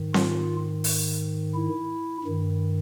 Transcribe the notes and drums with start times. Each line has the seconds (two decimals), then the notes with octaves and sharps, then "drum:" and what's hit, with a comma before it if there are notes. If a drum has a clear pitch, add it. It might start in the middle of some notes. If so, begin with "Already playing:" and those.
Already playing: G#2 D#3
0.14 F4, drum: snare C4
0.84 drum: open hi-hat
1.55 E4
2.24 G2 D#3